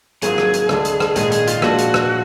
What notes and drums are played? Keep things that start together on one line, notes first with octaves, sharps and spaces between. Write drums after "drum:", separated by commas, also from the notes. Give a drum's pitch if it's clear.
G#1 G#2 F#3 A#3 F4 G#4, drum: hi-hat
drum: rim click
drum: hi-hat
D2 D3 G#3 D4, drum: rim click
drum: hi-hat
drum: rim click
A#1 G#2 D#3 G#3 D#4 G#4, drum: hi-hat
G#4, drum: hi-hat
F4, drum: hi-hat
A#2 F3 G#3 D4 F4 F#4, drum: rim click
drum: hi-hat
drum: rim click